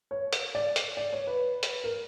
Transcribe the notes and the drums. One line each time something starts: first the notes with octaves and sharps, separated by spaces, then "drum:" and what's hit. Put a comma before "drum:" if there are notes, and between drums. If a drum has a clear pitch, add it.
C#5
drum: hi-hat
D5
drum: hi-hat
D5
C#5
B4
drum: hi-hat
A#4